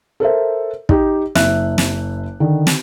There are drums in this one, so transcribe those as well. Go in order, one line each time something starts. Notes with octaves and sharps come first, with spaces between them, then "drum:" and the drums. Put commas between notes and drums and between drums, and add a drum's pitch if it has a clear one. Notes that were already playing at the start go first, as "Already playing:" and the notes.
A4 A#4 C5 E5
D#4 G4, drum: kick
F#1 E5 F#6, drum: snare
drum: snare
D3 D#3
drum: snare